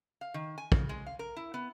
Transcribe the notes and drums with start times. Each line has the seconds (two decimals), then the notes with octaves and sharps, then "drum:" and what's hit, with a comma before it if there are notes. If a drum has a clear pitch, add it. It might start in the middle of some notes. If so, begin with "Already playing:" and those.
0.21 F5
0.34 D#3
0.58 G#5
0.72 C#3, drum: kick
0.89 G#3
1.06 F5
1.19 A#4
1.36 E4
1.54 B3